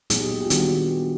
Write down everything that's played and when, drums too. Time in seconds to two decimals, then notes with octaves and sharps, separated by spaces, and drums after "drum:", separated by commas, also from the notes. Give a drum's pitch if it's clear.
0.10 A#2 F#3 B3 D#4 G#4, drum: hi-hat
0.20 G4
0.41 G4
0.45 F4
0.50 D#3 G3 B3 D4 F#4, drum: hi-hat